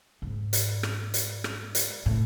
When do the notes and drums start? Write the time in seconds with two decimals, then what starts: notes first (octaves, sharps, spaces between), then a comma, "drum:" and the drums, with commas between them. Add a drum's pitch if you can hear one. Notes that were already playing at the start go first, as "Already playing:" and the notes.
0.22 G#2
0.53 drum: hi-hat
0.83 drum: rim click
1.14 drum: hi-hat
1.44 drum: rim click
1.75 drum: hi-hat
2.06 A2